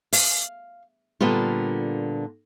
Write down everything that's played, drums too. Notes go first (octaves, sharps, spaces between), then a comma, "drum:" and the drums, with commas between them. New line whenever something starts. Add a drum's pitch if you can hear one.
F5, drum: open hi-hat
A#2 D3 G3 B3 F4